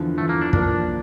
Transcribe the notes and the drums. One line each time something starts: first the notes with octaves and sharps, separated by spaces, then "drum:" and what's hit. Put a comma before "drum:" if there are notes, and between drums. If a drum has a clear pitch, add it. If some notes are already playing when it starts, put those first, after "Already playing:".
Already playing: E2 D3 F3
E2 D3 F3 A3
A#3
D4
A#2 F3 A#3 D4, drum: kick